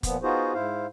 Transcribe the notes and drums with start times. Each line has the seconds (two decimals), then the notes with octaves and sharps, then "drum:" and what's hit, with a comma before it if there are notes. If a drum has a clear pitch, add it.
0.03 A#2 F3 B3, drum: kick, hi-hat
0.23 B3 D#4 F4 F#4 G#4 C5
0.54 G#2 E4 C5 F5